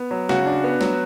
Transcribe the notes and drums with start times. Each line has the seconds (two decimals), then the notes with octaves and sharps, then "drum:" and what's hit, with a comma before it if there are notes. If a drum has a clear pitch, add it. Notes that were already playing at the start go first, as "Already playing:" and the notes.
Already playing: B3
0.11 F#3
0.29 C#3 F#4, drum: snare A3
0.46 D4
0.64 B3
0.81 F#3, drum: snare A3